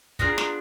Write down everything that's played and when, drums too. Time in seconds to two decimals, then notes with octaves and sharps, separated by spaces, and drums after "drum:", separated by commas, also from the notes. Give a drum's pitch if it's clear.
0.19 B3 D4 F4 G#4 A#5, drum: kick
0.38 drum: snare